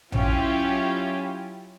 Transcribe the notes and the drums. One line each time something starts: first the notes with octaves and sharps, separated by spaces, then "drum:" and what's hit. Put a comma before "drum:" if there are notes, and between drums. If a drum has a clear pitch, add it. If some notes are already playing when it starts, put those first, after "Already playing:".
F#3 C#4 E4 F4 G4, drum: tom A#1